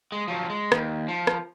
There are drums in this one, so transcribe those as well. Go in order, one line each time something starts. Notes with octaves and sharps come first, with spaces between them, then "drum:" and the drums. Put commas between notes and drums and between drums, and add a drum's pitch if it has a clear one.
G#3
F3 F#3
G#3
D#2, drum: rim click
F3
drum: rim click